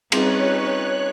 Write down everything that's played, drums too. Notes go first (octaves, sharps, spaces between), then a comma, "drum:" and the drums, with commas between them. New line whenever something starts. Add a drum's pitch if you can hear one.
G3 C4 C#4 D#4 G#4 B4 C#5 F#6, drum: cymbal